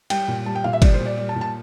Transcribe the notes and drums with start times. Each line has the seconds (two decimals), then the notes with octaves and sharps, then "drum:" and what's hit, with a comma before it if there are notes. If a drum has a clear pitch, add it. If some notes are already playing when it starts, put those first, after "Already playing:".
0.10 G3 G5, drum: cymbal
0.28 A#2
0.46 G3 A5
0.55 G5
0.64 A#2 F5
0.73 E5
0.82 G3 D5, drum: kick G1, cymbal
0.94 C5
1.00 A#2
1.05 D5
1.17 G3 D5
1.29 A5
1.35 A#2
1.41 A5